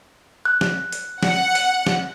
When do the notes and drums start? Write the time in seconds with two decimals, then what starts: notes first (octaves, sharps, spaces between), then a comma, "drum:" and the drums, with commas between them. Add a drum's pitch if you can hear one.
0.45 F#6
0.61 drum: snare
0.92 drum: hi-hat
1.23 F#5, drum: snare
1.55 drum: hi-hat
1.87 drum: snare